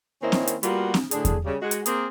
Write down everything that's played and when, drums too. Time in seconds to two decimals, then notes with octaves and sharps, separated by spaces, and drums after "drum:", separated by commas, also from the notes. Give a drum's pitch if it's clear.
0.22 D#3 A#3 C4 C#4 D#4 E4
0.32 drum: snare C4
0.47 drum: hi-hat
0.63 G3 A#3 B3 F4 F#4, drum: hi-hat
0.94 drum: snare C4
1.11 A2 D3 D4 G#4, drum: hi-hat
1.25 drum: kick E2, hi-hat
1.45 C#3 G3
1.62 G#3 F#4
1.71 drum: hi-hat
1.86 A#3 C4 G#4 A#4, drum: hi-hat